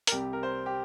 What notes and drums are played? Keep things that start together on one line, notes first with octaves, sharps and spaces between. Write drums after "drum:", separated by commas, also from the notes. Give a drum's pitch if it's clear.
A#4, drum: hi-hat
C2 C3 G3 G4
A#4
C5
G4